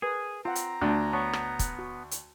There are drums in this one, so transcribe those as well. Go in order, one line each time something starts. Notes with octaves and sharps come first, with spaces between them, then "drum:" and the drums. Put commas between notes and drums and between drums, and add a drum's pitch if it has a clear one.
G#4 A#4 B4 D#6
C4 F4 F#5 A#5
drum: hi-hat
D2 D4 D#6
B3 C#5 A5 C#6
drum: rim click
drum: kick, hi-hat
F#4
drum: hi-hat